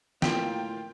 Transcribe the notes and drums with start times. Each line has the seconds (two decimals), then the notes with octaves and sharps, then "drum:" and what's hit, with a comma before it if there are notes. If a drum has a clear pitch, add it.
0.22 A2 A#3 F4 G5, drum: snare